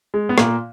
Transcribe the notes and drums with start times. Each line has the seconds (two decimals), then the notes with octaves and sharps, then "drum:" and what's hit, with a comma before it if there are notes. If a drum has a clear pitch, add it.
0.14 G#3
0.29 B3
0.38 A#2 A#3, drum: rim click